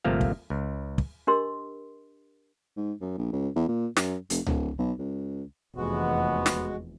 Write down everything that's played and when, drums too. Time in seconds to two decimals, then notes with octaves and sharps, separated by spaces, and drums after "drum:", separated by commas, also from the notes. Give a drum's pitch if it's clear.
0.04 G1 C3 F3 A3 A#3 F5
0.21 drum: kick
0.50 C#2
0.98 drum: kick
1.27 D4 G4 A#4 D#5 C6 E6
2.77 G#2
3.01 F#2
3.17 A#1
3.32 C#2
3.56 E2
3.68 A#2
3.97 F#2, drum: snare
4.30 F1, drum: hi-hat
4.46 D1, drum: tom C#2
4.79 B1
4.99 C#2
5.77 F1 E2 G#3 B3 F#4
6.46 drum: snare